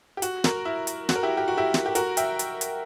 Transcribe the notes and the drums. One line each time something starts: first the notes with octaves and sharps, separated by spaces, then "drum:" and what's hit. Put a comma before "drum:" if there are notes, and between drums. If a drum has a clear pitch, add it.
G4
F#4, drum: hi-hat
F#4 A#4, drum: snare
E4
drum: hi-hat
F#4, drum: snare
A#4
E4 G4
G4
F#4
E4 G4
drum: snare
G4
F#4 A#4, drum: hi-hat
E5 G5, drum: hi-hat
drum: hi-hat
drum: hi-hat